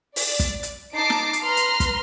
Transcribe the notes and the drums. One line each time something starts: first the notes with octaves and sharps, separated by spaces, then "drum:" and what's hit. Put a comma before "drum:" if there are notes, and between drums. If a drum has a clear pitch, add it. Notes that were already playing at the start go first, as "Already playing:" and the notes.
D5, drum: open hi-hat
drum: kick, hi-hat
drum: hi-hat
D#4 A5 D6 A#6 C7 D7
drum: snare
drum: hi-hat
B4 A#5 C6 F6
drum: hi-hat
drum: kick, hi-hat